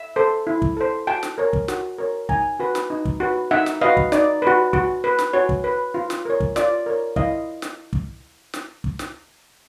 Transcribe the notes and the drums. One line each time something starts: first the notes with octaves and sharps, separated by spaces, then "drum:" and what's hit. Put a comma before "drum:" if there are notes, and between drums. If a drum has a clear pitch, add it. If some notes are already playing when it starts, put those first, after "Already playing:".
Already playing: E5
A4 C5
E4
drum: kick
A4 C5
F#4 G5 A5
drum: snare
A#4 C#5
drum: kick
F#4, drum: snare
A#4 C#5
D#4 G#5 A#5, drum: kick
F#4 B4
drum: snare
D#4
drum: kick
F#4 B4
D#4 E5 F#5
drum: snare
F#4 B4 D#5 F5
drum: kick
D#4 D5, drum: snare
F#4 B4
F#4, drum: kick
B4
drum: snare
F#4 C#5
drum: kick
B4
F4
drum: snare
A#4 C#5
drum: kick
F4 D5, drum: snare
A#4 C#5
E4 D#5 F5, drum: kick
drum: snare
drum: kick
drum: snare
drum: kick
drum: snare